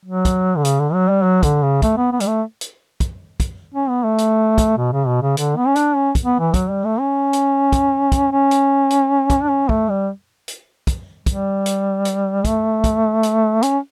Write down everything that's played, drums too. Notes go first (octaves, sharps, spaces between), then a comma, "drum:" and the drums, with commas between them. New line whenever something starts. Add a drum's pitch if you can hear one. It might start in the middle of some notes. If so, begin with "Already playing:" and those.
F#3
drum: kick, hi-hat
D3
C#3, drum: hi-hat
D3
F#3
G3
F#3
D3, drum: kick, hi-hat
C#3
A3, drum: kick, hi-hat
B3
B3
G3, drum: hi-hat
A3
drum: hi-hat
drum: kick, hi-hat
drum: kick, hi-hat
C#4
B3
A3
drum: hi-hat
drum: kick, hi-hat
B2
C#3
B2
C#3
D3, drum: hi-hat
B3
C#4
D4, drum: hi-hat
C#4
drum: kick, hi-hat
B3
E3
F#3, drum: kick, hi-hat
G3
A3
C#4
drum: hi-hat
drum: kick, hi-hat
drum: kick, hi-hat
C#4
drum: hi-hat
drum: hi-hat
drum: kick, hi-hat
D4
C#4
A3, drum: kick
G3
drum: hi-hat
drum: kick, hi-hat
G3, drum: kick, hi-hat
drum: hi-hat
drum: hi-hat
A3, drum: kick, hi-hat
drum: kick, hi-hat
drum: hi-hat
C#4, drum: hi-hat